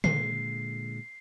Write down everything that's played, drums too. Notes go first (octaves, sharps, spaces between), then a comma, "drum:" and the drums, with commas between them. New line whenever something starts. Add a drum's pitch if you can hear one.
A#2 D3 G#3 C7, drum: tom